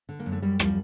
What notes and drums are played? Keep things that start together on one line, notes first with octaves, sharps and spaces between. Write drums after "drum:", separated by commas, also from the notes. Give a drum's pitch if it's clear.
D3
A#3
F#2
A3
F#2 G3
F3 G3, drum: rim click